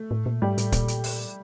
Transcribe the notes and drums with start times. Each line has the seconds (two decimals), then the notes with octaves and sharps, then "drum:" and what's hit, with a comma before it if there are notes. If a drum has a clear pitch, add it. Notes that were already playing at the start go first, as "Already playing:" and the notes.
Already playing: A3
0.11 A2
0.26 A#2
0.42 G#2 G3
0.58 A2, drum: hi-hat
0.72 A#2, drum: kick, hi-hat
0.88 drum: hi-hat
1.04 drum: open hi-hat